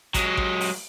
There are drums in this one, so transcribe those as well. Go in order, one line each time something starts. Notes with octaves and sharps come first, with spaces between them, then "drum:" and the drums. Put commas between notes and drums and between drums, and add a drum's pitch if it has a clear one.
F#3 G#3, drum: kick A1, hi-hat
drum: kick A1
drum: open hi-hat